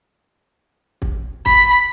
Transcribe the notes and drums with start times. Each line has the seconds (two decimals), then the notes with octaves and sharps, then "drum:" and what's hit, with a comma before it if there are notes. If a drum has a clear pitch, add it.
1.02 drum: kick
1.46 B5, drum: kick